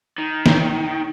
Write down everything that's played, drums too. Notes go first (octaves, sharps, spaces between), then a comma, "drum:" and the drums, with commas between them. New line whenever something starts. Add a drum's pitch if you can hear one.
D#3
drum: snare